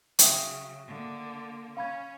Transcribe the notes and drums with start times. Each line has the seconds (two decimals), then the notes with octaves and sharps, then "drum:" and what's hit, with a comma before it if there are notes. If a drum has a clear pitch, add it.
0.19 C#3 F#3 E5 G5 D#6, drum: hi-hat
0.87 D3 A#3
1.77 C#4 F5 B5 G#6